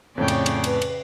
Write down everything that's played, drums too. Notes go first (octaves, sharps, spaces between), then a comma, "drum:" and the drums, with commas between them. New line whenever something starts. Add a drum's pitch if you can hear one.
F2 A2 C#3 C#5 D5 G5
drum: cymbal
drum: cymbal
B4, drum: cymbal
drum: cymbal